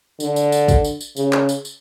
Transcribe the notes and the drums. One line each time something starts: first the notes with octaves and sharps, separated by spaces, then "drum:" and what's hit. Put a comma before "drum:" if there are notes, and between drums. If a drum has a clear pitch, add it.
D3, drum: tambourine
drum: tambourine
drum: tambourine
drum: kick, tambourine
drum: tambourine
drum: tambourine
C#3, drum: tambourine
drum: clap
drum: tambourine
drum: tambourine